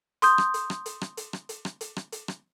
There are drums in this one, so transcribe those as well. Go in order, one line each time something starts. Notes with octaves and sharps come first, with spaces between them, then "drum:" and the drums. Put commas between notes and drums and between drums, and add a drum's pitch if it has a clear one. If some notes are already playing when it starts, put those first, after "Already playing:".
C6 D#6 G6, drum: hi-hat
drum: rim click
drum: hi-hat
drum: rim click
drum: hi-hat
drum: rim click
drum: hi-hat
drum: rim click
drum: hi-hat
drum: rim click
drum: hi-hat
drum: rim click
drum: hi-hat
drum: rim click